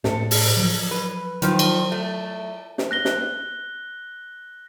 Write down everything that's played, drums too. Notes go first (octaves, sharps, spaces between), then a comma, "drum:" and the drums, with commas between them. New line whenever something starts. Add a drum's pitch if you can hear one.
A2 A4, drum: snare
drum: open hi-hat
F3 F#3
B4
D#3 F3 F#3, drum: hi-hat
drum: cymbal
A3
drum: snare
F#6 A#6 G7
drum: snare